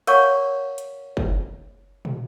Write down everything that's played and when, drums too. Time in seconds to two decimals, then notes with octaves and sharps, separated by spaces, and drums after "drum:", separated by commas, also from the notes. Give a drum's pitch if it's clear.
0.07 A#4 C#5 D5 F5 F#5 C#6, drum: cymbal
0.78 drum: hi-hat
1.17 drum: kick
2.05 drum: tom